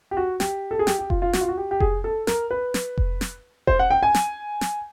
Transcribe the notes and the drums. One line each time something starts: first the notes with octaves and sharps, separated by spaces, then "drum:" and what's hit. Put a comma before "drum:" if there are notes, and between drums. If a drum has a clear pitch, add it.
G4
F#4
G4, drum: snare
A4
G#4
G4, drum: snare
G4
F4, drum: kick F1
F4
F#4, drum: snare
F4
F#4
G4
G4
G#4, drum: kick F1
A4
A#4, drum: snare
B4
drum: snare
drum: kick F1
drum: snare
C5, drum: kick F1
F#5
G5
G#5
drum: snare
drum: snare